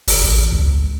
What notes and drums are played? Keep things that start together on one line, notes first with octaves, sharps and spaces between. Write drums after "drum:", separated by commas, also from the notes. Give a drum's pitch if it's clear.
F#1, drum: open hi-hat
A1
C#2